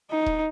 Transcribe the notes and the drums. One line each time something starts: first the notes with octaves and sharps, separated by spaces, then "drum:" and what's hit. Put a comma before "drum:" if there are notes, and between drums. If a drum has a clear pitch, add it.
D#4
drum: kick D#1